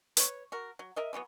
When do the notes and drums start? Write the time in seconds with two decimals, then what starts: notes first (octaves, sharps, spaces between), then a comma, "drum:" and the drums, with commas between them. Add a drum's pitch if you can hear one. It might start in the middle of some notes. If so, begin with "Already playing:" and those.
0.17 B4 C#5, drum: hi-hat
0.52 F#4 A#4
0.79 F#3
0.96 A#4 D#5 E5
1.13 D3 E3 F#3 B3